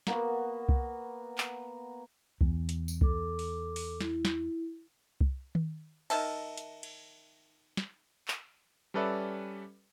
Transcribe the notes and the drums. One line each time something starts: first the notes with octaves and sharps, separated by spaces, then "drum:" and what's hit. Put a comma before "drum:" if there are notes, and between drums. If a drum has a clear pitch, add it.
A#3 B3 F#4, drum: snare
drum: kick C2
drum: clap
E2, drum: kick C2
drum: hi-hat
drum: tambourine
A4 D6, drum: kick C2
drum: open hi-hat
drum: open hi-hat
E4, drum: snare
drum: snare
drum: kick C2
drum: tom D#3
D#3 E5 A5, drum: cymbal
drum: hi-hat
drum: cymbal
drum: snare
drum: clap
G3 C#4 A4 B4 D5 E5